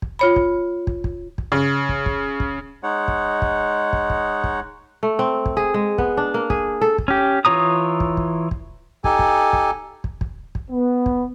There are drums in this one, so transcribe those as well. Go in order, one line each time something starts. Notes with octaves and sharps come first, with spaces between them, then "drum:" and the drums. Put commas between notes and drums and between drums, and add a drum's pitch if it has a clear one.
drum: kick
F4 C#5 B5
drum: kick
drum: kick
drum: kick
drum: kick
C#3
drum: kick
drum: kick
drum: kick
G#3 D#4 C#5 F#5
drum: kick
drum: kick
drum: kick
drum: kick
drum: kick
A3
C4
drum: kick
G#4
G#3
B3, drum: kick
D4
A#3
G#4, drum: kick
A4
drum: kick
C#4 G4
E3 F4 C#5 A#5 D#6
drum: kick
drum: kick
drum: kick
D#4 G4 A4 G#5, drum: kick
drum: kick
drum: kick
drum: kick
drum: kick
drum: kick
B3
drum: kick